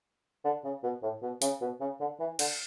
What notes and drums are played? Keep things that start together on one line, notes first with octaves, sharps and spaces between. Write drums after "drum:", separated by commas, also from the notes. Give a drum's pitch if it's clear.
D3
C#3
B2
A2
B2
C#3, drum: hi-hat
B2
C#3
D3
E3
D3, drum: cymbal